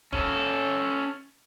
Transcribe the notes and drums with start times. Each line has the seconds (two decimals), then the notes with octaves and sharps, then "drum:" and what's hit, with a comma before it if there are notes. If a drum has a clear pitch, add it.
0.13 C#4 A4, drum: kick